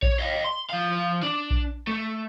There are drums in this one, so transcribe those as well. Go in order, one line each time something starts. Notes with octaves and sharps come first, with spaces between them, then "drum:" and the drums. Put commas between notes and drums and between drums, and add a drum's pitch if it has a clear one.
C#5, drum: kick A#1
D#5 F5
C6
F3 F5
D4
drum: kick A#1
A3